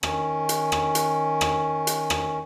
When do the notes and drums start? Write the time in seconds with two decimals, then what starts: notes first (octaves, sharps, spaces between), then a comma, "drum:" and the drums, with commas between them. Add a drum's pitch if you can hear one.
0.03 D#3 C#4, drum: rim click
0.49 drum: hi-hat
0.72 drum: rim click
0.95 drum: hi-hat
1.41 drum: rim click
1.87 drum: hi-hat
2.10 drum: rim click